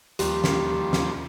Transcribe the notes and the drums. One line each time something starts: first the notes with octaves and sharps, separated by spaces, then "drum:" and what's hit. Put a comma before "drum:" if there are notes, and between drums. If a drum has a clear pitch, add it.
D#2 F3 G3 G4, drum: hi-hat
drum: snare
drum: snare